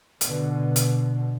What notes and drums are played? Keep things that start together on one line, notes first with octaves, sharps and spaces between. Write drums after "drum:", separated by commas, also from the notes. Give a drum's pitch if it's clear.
B2 D3, drum: hi-hat
drum: hi-hat